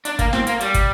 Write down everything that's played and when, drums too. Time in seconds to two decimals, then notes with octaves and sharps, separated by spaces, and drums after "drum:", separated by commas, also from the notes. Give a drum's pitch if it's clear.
0.05 D4, drum: hi-hat
0.19 A#3, drum: kick, hi-hat
0.33 C4, drum: snare
0.47 A#3, drum: hi-hat
0.61 G3, drum: hi-hat
0.74 drum: kick, hi-hat